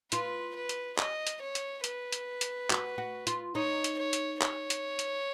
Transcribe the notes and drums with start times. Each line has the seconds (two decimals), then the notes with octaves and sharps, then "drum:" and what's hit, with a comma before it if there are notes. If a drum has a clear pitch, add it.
0.12 F4 B4, drum: hi-hat
0.55 B4
0.69 drum: hi-hat
0.98 D#5, drum: clap
1.27 drum: hi-hat
1.41 C#5
1.55 drum: hi-hat
1.84 B4, drum: hi-hat
2.12 drum: hi-hat
2.41 drum: hi-hat
2.70 F#4, drum: clap
2.98 F#4
3.27 F4, drum: hi-hat
3.55 D#4 C#5
3.84 drum: hi-hat
3.98 C#5
4.13 drum: hi-hat
4.41 C#5, drum: clap
4.70 drum: hi-hat
4.99 drum: hi-hat